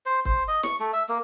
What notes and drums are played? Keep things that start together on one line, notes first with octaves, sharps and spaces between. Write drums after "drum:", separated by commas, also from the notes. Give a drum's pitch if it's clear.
C5
C5, drum: kick
D#5
C#6, drum: snare
A3
E5
A#3